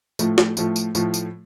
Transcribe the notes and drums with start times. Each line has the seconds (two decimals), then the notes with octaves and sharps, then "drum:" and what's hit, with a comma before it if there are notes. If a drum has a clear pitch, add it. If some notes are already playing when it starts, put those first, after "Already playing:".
0.19 A2 F3 A3, drum: tambourine
0.38 drum: snare
0.57 A2 F3 A3, drum: tambourine
0.76 drum: tambourine
0.95 A2 F3 A3, drum: tambourine
1.14 drum: tambourine